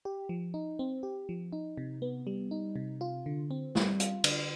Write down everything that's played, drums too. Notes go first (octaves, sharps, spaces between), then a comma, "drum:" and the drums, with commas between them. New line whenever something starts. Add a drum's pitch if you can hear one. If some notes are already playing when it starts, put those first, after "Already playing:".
G4
F3
D#4
C4
G4
F3
D#4
C3
B3
G3
D#4
C3
F4
D3
C4
G3, drum: snare
F4, drum: hi-hat
D3, drum: cymbal